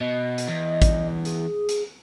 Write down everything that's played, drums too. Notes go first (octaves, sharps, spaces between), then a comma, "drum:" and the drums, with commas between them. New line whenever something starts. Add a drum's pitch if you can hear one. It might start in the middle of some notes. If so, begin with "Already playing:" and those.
B2 D#5
drum: hi-hat
E2
drum: kick, hi-hat
G#4, drum: hi-hat
drum: hi-hat